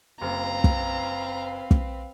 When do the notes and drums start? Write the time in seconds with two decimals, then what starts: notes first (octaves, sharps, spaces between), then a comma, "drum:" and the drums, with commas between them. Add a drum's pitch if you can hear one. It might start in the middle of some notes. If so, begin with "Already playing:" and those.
0.21 F#1 C4 B4 F5 A#5
0.64 drum: kick
1.71 drum: kick